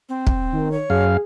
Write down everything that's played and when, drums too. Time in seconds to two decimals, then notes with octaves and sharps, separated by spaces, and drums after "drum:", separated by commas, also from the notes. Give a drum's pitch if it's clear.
0.09 C4
0.27 drum: kick
0.52 D#3
0.72 C#5
0.90 F#2 G#4 F5